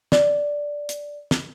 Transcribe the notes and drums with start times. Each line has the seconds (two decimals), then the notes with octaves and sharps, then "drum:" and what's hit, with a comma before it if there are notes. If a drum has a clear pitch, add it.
0.12 D5, drum: snare
0.89 drum: hi-hat
1.31 drum: snare